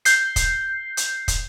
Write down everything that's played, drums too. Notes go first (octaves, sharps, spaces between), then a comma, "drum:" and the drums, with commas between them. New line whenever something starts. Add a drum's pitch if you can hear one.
G6 C7, drum: hi-hat
drum: kick, hi-hat
drum: hi-hat
drum: kick, hi-hat